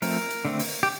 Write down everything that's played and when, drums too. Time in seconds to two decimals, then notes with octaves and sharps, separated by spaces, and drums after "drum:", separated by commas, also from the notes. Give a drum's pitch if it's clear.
0.02 F3 A3 C4 A#4, drum: open hi-hat
0.30 drum: hi-hat
0.45 D3 A3 C4
0.59 drum: open hi-hat
0.83 G4